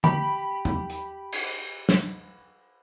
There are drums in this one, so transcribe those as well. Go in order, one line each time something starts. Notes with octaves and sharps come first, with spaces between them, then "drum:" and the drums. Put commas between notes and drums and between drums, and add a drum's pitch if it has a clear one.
G4 B5, drum: tom D3
drum: tom E2
drum: hi-hat
drum: cymbal
drum: snare